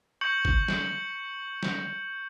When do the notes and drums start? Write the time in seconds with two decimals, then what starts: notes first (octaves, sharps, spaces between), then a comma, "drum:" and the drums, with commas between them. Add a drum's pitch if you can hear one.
0.21 C#6 G6 C#7 F#7
0.45 drum: kick G#1
0.68 drum: snare
1.63 drum: snare